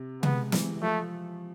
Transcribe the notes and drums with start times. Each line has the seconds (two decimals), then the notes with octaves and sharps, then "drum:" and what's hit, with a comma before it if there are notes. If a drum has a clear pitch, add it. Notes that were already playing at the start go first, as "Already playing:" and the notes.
Already playing: C3
0.23 G#3 B3, drum: tom C3
0.52 E3, drum: snare
0.82 F3 A3